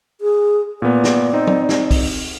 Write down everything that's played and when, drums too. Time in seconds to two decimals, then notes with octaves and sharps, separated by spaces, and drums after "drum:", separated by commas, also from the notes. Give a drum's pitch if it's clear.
0.21 G#4
0.82 A#2 B3 D5
1.04 drum: snare
1.33 C4 D#4
1.47 drum: tom
1.69 drum: snare
1.91 drum: kick, open hi-hat